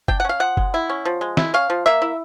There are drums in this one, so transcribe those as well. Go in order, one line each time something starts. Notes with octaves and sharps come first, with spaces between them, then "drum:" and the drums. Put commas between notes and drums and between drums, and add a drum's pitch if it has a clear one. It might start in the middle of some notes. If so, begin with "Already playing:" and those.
D4 G5, drum: kick F#1
F#5
C#4 F5
F3 F#5
G#3, drum: kick F#1
E4
C#4
F3
G#3
E4, drum: snare
C#4 F5
F3
A#3 E5
E4